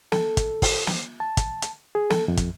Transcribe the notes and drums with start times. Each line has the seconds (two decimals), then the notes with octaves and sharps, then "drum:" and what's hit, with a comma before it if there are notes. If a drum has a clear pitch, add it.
0.12 A4, drum: snare
0.37 drum: kick, hi-hat
0.62 drum: kick, open hi-hat
0.87 drum: snare
1.20 A5
1.37 drum: kick, hi-hat
1.62 drum: hi-hat
1.95 G#4
2.10 A4, drum: snare
2.28 F2
2.37 drum: kick, hi-hat